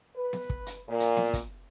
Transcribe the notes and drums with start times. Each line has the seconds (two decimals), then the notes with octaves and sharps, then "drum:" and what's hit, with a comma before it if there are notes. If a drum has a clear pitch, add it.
0.16 B4
0.33 drum: snare B3
0.50 drum: kick
0.66 drum: hi-hat
0.88 A#2
1.00 drum: hi-hat
1.17 drum: snare B3
1.33 drum: kick, hi-hat